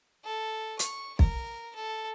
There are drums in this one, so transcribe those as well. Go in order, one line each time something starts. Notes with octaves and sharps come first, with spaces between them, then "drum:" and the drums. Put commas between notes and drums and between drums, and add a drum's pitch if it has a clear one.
A4
C#6, drum: hi-hat
A#4, drum: kick
A4